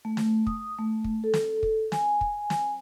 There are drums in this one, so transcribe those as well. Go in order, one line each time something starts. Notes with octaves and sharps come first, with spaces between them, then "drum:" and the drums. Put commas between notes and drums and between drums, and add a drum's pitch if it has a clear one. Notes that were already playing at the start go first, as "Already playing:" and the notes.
A3
drum: snare
D#6, drum: kick
A3
drum: kick
A4
drum: snare
drum: kick
G#5, drum: snare
drum: kick
drum: snare